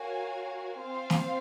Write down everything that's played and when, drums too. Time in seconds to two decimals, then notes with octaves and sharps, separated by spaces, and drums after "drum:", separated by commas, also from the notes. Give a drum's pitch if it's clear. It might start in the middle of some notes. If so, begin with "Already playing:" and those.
Already playing: F#4 A#4 C#5 F5 G#5
0.78 C4 F4 C5 F5
1.10 drum: snare